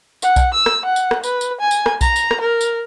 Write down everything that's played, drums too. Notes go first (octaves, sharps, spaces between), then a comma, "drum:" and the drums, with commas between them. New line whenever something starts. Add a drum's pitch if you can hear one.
F#5, drum: tambourine
drum: kick B1, tambourine
E6
drum: rim click
F#5
drum: tambourine
drum: rim click
B4, drum: tambourine
drum: tambourine
G#5
drum: tambourine
drum: rim click
A#5, drum: kick B1, tambourine
drum: tambourine
drum: rim click
A#4
drum: tambourine